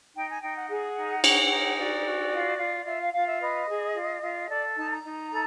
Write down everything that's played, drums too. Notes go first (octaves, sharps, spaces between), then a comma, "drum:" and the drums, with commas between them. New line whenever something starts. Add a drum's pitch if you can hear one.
D#4 G5
G#5
D#4 G5
F#5
G#4 F#5
D#4
C#5, drum: cymbal
D#4
F#4 D5
F#4
F4
F4
F4 E5
F5
F4 F5
E5
B4 D#5
G#4
F4
F4
A4 D5
D#4 A5
A#5
D#4
A4